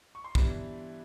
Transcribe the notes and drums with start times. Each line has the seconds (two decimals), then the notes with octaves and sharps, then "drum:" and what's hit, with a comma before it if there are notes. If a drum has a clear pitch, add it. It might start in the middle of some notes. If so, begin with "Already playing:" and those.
0.15 C#6
0.24 C6
0.35 E3 G3 B3 D4 B5, drum: kick